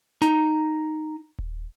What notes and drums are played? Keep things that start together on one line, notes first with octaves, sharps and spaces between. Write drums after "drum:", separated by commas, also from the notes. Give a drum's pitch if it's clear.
D#4 A#5, drum: snare
drum: kick D#1